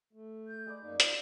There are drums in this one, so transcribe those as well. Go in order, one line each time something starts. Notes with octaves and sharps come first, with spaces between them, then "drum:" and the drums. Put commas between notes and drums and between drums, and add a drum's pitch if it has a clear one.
A3
G6
G#3 B4 D5
F#2 A#3 D#4
D#4 F4, drum: hi-hat